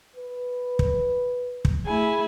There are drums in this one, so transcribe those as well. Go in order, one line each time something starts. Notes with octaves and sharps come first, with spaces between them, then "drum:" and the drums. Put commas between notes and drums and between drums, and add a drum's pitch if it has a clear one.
B4
drum: kick
drum: kick
A3 E4 G#4 G#5